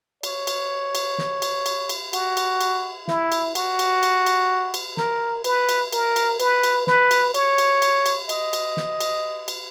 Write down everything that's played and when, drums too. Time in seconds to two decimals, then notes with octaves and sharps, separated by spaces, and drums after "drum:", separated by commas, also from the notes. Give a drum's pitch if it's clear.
0.23 C#5, drum: cymbal
0.47 drum: cymbal
0.95 drum: cymbal
1.18 drum: snare
1.42 drum: cymbal
1.66 drum: cymbal
1.89 drum: cymbal
2.13 F#4, drum: cymbal
2.37 drum: cymbal
2.61 drum: cymbal
3.08 E4, drum: snare
3.32 drum: cymbal
3.55 F#4, drum: cymbal
3.79 drum: cymbal
4.03 drum: cymbal
4.26 drum: cymbal
4.74 drum: cymbal
4.97 A#4, drum: snare
5.44 B4, drum: cymbal
5.69 drum: cymbal
5.93 A#4, drum: cymbal
6.16 drum: cymbal
6.40 B4, drum: cymbal
6.63 drum: cymbal
6.87 B4, drum: snare
7.11 drum: cymbal
7.34 C#5, drum: cymbal
7.58 drum: cymbal
7.82 drum: cymbal
8.06 drum: cymbal
8.29 D#5, drum: cymbal
8.53 drum: cymbal
8.77 drum: snare
9.00 drum: cymbal
9.48 drum: cymbal